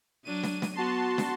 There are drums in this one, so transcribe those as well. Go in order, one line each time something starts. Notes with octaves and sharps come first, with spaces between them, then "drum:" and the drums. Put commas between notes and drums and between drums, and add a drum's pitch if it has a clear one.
F#3 D4 D#7
drum: snare
drum: snare
B3 F#4 A5 C6
drum: snare